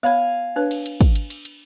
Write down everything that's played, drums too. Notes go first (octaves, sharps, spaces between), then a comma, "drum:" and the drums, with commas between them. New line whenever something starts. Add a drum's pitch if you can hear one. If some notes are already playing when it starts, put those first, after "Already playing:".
B3 C#5 F5 G#5 B5
D4 B4 C#5
drum: cymbal
drum: cymbal
drum: kick, cymbal
drum: cymbal
drum: cymbal
drum: cymbal